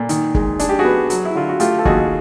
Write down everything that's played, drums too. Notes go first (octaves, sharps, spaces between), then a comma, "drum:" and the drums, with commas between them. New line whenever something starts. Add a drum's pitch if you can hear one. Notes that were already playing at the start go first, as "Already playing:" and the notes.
Already playing: A#2 A4
D#3, drum: hi-hat
G#3, drum: kick
D4 G#4, drum: hi-hat
G4
F#4 G#4
B3
F#3, drum: hi-hat
E4
D3 F4
F#4
A3 F4 G4, drum: hi-hat
A4
D#2 F#4 G#4, drum: kick